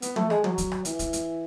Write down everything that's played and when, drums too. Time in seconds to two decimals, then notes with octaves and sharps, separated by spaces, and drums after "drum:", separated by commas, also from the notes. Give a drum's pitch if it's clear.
0.02 B3, drum: hi-hat
0.16 A3, drum: tom
0.30 G#3, drum: rim click
0.44 F#3, drum: tom
0.58 drum: kick, hi-hat
0.72 drum: rim click
0.85 E3, drum: hi-hat
0.99 drum: kick, hi-hat
1.13 drum: hi-hat